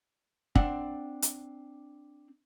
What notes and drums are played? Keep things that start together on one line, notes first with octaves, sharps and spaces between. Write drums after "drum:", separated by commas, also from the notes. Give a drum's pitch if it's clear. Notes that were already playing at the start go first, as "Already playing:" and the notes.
C4 D4 F#5, drum: kick
drum: hi-hat